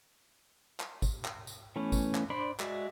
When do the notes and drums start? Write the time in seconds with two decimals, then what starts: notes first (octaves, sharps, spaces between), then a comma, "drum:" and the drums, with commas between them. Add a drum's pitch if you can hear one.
0.80 drum: clap
1.02 drum: kick, tambourine
1.25 drum: clap
1.47 drum: tambourine
1.76 E3 A3 B3 C#4
1.92 drum: kick, tambourine
2.15 drum: clap
2.30 D4 C5 D5 B5
2.60 G#3 F#4 D5 E5, drum: clap